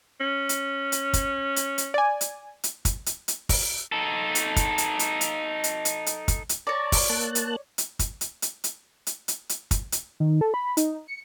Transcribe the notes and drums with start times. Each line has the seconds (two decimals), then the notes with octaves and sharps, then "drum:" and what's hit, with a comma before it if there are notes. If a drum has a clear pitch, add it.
0.20 C#4
0.49 drum: hi-hat
0.92 drum: hi-hat
1.13 drum: kick, hi-hat
1.56 drum: hi-hat
1.78 drum: hi-hat
1.94 D5 G#5
2.21 drum: hi-hat
2.64 drum: hi-hat
2.85 drum: kick, hi-hat
3.06 drum: hi-hat
3.28 drum: hi-hat
3.49 drum: kick, open hi-hat
3.92 D#4 A4
4.35 drum: hi-hat
4.56 drum: kick, hi-hat
4.78 drum: hi-hat
4.99 drum: hi-hat
5.21 drum: hi-hat
5.64 drum: hi-hat
5.85 drum: hi-hat
6.06 drum: hi-hat
6.28 drum: kick, hi-hat
6.49 drum: hi-hat
6.67 C#5 D5 A5 A#5
6.92 drum: kick, open hi-hat
7.09 A#3 A5 F#6
7.35 drum: hi-hat
7.78 drum: hi-hat
7.99 drum: kick, hi-hat
8.21 drum: hi-hat
8.42 drum: hi-hat
8.64 drum: hi-hat
9.07 drum: hi-hat
9.28 drum: hi-hat
9.49 drum: hi-hat
9.71 drum: kick, hi-hat
9.92 drum: hi-hat
10.20 D#3
10.41 A4
10.54 B5
10.77 D#4, drum: hi-hat
11.07 C#7